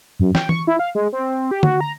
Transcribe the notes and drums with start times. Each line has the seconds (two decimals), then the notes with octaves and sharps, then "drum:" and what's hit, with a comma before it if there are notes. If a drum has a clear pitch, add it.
0.20 F#2
0.35 G5, drum: snare
0.49 C#6, drum: tom E3
0.67 E4
0.79 F5
0.95 G#3
1.13 C4
1.51 G4
1.63 F#4, drum: tom D3
1.81 A#5